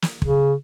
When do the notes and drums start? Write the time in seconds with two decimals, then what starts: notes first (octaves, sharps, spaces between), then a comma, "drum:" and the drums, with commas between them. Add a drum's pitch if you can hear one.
0.02 drum: snare
0.22 C#3, drum: kick